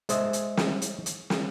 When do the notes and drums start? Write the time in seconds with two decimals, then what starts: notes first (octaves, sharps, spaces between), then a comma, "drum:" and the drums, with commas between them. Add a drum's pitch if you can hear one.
0.09 G#3 C5 D#5 E5, drum: hi-hat
0.33 drum: hi-hat
0.57 drum: snare
0.82 drum: hi-hat
1.06 drum: hi-hat
1.30 drum: snare